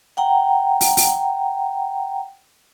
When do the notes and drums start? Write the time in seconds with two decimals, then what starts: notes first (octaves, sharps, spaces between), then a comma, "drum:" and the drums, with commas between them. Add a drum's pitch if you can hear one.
0.17 F#5 G5 A#5
0.81 drum: open hi-hat
0.97 drum: open hi-hat